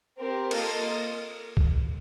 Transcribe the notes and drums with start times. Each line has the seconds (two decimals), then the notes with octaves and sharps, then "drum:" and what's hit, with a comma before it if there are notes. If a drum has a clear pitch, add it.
0.18 C4 G4 A#4
0.51 A#3 F4 A4 D#5, drum: cymbal
1.57 drum: kick B1